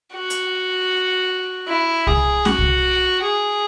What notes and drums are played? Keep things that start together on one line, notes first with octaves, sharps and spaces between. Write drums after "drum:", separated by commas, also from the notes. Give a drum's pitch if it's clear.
F#4
drum: hi-hat
E4
G#4, drum: kick C2
F#4, drum: snare
drum: kick C2
G#4